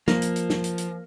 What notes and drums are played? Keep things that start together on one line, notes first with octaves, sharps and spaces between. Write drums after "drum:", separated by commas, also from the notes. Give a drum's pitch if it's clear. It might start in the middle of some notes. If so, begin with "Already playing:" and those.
F3 A#3, drum: snare
drum: hi-hat
drum: hi-hat
drum: snare
drum: hi-hat
drum: hi-hat